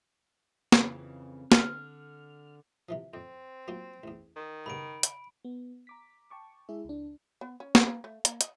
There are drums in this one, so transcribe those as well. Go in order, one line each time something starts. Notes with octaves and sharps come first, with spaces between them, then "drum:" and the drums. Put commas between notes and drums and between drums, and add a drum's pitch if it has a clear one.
F2 C#3 E3, drum: snare
D3 F6, drum: snare
C3 E3 F3
F2 C4
F#3 A#3 F4
A1 E2
D#3
G2 C#3 B3 B5 D7
drum: hi-hat
B3
A#5 D6 B6
G5 A5 C#6 D6
G#3 E4 G#4 E5
C#2 D4
B3
C#4
F#5, drum: snare
A#3
A3
A#3, drum: hi-hat
D#5, drum: hi-hat